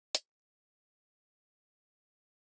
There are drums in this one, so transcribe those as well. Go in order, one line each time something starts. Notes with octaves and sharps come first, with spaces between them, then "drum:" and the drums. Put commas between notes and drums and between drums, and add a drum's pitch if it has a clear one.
F#4 G4 A4 A#4 C#5, drum: hi-hat